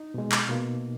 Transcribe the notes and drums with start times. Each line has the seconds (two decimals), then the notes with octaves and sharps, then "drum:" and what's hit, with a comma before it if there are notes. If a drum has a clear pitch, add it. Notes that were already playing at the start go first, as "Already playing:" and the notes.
Already playing: D#4
0.14 B2 G#3
0.32 drum: clap
0.49 B2 A#3